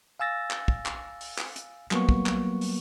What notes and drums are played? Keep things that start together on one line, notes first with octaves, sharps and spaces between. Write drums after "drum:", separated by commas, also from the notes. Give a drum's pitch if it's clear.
F5 G#5 E6 A6 A#6
drum: clap
drum: kick
drum: clap
drum: open hi-hat
drum: clap
drum: hi-hat
F#3 G3 A#3 B3 C#6, drum: clap
drum: kick
drum: clap
drum: open hi-hat